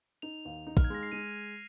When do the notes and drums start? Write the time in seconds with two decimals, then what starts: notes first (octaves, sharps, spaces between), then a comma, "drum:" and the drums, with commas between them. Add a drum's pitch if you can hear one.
0.22 D#4 F7
0.45 D#2
0.67 D#4
0.77 F6, drum: kick
0.85 G#6
0.90 G#3 A#6
1.03 C7
1.12 G#3 D#7